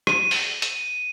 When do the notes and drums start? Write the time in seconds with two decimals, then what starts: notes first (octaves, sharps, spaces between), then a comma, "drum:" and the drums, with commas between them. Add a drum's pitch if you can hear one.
0.07 D#7, drum: rim click
0.31 drum: open hi-hat
0.62 drum: hi-hat